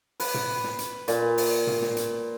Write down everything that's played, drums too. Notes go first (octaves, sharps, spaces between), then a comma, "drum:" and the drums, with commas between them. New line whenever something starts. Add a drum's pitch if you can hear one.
B4, drum: open hi-hat
drum: tom
drum: snare
drum: hi-hat
A#2, drum: hi-hat
drum: open hi-hat
drum: tom
drum: snare
drum: hi-hat